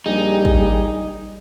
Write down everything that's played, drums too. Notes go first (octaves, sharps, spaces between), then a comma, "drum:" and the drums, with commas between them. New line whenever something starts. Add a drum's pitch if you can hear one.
A#1 G3 D#4 G4 G#4
drum: kick